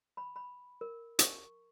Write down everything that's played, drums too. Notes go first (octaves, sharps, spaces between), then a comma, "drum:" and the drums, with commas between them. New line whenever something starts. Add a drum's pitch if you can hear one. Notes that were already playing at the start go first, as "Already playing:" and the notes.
B5
B5
A#4
C#6, drum: hi-hat